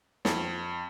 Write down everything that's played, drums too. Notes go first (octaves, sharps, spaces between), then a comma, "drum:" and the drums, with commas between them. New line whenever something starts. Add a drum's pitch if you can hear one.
F2, drum: snare